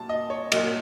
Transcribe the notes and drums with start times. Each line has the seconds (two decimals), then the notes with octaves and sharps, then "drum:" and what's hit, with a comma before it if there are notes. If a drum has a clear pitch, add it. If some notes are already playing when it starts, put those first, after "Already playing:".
Already playing: A#2 F#3 A5
0.09 D#5
0.30 C#5
0.52 A#2 F#3 D#5, drum: cymbal